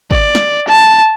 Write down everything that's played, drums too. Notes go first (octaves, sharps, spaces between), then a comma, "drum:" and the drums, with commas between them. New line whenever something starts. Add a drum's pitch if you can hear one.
D5, drum: kick G#1
drum: snare
A5